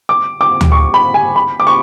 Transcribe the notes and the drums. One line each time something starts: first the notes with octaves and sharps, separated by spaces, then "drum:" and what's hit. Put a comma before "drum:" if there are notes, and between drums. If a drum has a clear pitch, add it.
D6
D6
drum: tom D2
C#6
B5
G#5
B5
D6
C#6